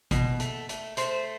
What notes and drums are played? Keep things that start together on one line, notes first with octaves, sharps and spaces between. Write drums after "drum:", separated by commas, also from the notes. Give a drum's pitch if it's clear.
B2, drum: kick, hi-hat
A3, drum: hi-hat
A3, drum: hi-hat
A3 C5, drum: hi-hat